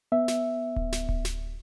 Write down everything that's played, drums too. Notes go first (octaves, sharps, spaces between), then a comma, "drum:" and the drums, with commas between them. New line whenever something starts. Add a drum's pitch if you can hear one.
B3 E5
drum: snare
drum: kick D1
drum: snare
drum: kick D1
drum: snare